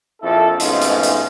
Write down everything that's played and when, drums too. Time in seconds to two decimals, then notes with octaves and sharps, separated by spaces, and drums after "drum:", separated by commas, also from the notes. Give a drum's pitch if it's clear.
0.22 A#1 F2 E4 A4
0.60 F2 G#2 B2 A3 C#4 F4, drum: hi-hat
0.81 drum: hi-hat
1.03 drum: hi-hat